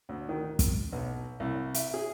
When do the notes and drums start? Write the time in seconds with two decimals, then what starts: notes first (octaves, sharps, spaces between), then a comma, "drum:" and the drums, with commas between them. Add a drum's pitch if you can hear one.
0.09 D2
0.29 D#3
0.59 drum: kick, hi-hat
0.92 B1
1.40 C2
1.74 E5, drum: hi-hat
1.94 G#4